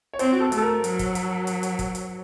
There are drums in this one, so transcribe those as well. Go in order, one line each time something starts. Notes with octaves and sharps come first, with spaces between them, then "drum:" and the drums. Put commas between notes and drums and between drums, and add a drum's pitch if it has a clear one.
C#5
C4 C5, drum: hi-hat
F#4
A4
A3, drum: hi-hat
A4
A#4
F#3, drum: hi-hat
drum: kick, hi-hat
drum: hi-hat
drum: hi-hat
drum: hi-hat
drum: kick, hi-hat
drum: hi-hat